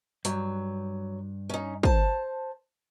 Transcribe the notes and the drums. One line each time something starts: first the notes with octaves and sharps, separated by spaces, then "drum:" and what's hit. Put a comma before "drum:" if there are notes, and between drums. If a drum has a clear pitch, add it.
G2 F#3, drum: hi-hat
C#4 D#4
C5 A5, drum: kick